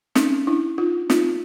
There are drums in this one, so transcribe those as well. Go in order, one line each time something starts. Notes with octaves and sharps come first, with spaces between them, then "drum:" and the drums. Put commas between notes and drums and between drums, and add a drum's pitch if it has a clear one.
C#4 D#4, drum: snare
D4 E4
D#4 F4
D#4 F4, drum: snare